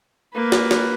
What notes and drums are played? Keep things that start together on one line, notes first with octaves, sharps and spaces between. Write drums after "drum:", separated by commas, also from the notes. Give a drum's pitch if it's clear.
A#3 B4
drum: snare
drum: snare